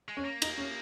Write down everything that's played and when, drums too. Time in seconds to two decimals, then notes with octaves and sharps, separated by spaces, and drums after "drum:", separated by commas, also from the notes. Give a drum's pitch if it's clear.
0.08 G#3
0.17 C#4
0.25 A#3
0.42 D#4, drum: cymbal
0.58 C#4